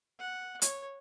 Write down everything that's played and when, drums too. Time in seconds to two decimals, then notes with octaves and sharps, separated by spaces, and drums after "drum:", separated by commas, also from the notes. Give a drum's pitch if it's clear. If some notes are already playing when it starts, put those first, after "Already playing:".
0.19 F#5
0.62 C#5, drum: hi-hat